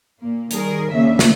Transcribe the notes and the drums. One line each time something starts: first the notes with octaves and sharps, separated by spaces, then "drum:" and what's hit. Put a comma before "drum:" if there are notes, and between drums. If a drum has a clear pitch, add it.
A#2 A#3
D#3 G3 G#4 A#4, drum: hi-hat
D#2 C#3 A#3 D4 E5
drum: snare